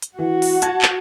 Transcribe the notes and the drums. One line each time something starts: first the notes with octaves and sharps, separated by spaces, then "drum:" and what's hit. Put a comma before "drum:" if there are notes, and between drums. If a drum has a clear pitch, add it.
drum: hi-hat
E3 F#4
drum: open hi-hat
F#5 A5 G#6, drum: hi-hat
drum: clap